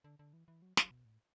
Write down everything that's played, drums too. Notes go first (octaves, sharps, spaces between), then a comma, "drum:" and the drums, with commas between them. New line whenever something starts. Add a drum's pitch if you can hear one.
D3
D3
E3
E3
F#3
F#3, drum: snare
B2
A2